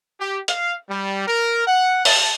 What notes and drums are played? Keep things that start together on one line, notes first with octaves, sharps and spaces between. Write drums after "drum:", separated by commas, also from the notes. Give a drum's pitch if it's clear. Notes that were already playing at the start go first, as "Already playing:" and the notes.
G4
F5, drum: hi-hat
G3
A#4
F#5
A5, drum: open hi-hat